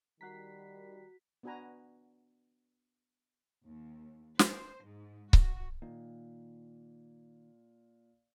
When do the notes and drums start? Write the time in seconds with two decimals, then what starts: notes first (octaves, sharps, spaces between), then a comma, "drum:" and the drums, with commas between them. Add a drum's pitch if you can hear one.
0.21 D#3 G3 F#4 A#5 F#6 B6 C7
1.43 B3 D4 F#4 B4 G#5 A#5
3.67 D#2
4.39 C5, drum: snare
4.86 G#2
5.33 F#4, drum: kick C#1
5.82 A#2 D#3 A#3